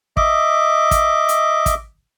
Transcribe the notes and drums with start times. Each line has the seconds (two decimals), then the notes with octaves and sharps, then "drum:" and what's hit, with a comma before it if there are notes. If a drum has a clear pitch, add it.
0.17 D#5 E5 D6, drum: kick
0.91 drum: kick, hi-hat
1.29 drum: hi-hat
1.66 drum: kick, hi-hat